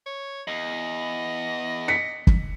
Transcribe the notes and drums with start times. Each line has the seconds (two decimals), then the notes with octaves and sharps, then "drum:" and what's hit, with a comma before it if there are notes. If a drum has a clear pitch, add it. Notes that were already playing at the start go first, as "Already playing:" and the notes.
0.06 C#5
0.48 E2 D#5
1.88 B6 C#7
2.27 drum: kick